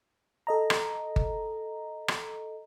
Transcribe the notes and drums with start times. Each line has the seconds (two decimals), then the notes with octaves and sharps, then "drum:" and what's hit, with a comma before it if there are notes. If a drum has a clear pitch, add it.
0.47 A4 D#5 A#5
0.70 drum: rim click
1.16 drum: kick G1
2.08 drum: rim click